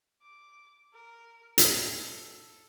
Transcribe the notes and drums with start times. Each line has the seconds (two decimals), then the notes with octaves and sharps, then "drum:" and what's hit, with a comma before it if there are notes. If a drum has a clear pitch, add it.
0.22 D6
0.94 A#4
1.58 A4, drum: hi-hat